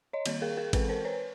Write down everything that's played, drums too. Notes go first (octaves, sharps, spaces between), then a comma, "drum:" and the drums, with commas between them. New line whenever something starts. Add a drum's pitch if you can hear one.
C#5 D#5
D#3 G3 A#3, drum: cymbal
G#4 A#4
G#4 A#4
E3 G#3 C4 A4 B4, drum: kick G#1, cymbal
A#4 C5
B4 C#5